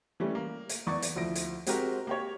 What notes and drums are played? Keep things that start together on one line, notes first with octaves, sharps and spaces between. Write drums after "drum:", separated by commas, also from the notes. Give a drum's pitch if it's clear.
E3 G3 A3 C#4
A#3
drum: hi-hat
E2 E3 D5 C#6
drum: hi-hat
D2 F3 E4 A#6 D7
drum: hi-hat
G#3 C4 F#4 G4 A#4 C5, drum: hi-hat
A#3 G4 C#5